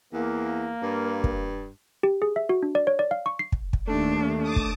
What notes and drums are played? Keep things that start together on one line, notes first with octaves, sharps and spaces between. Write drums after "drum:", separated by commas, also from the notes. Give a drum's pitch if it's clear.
E2 A#3
G2
drum: kick
G4
G#4
E5
F#4
D4
D5
C#5
D5
F5
C#6
C7
drum: kick
drum: kick
D#2 A3 D4
A5 D6 D#6
drum: kick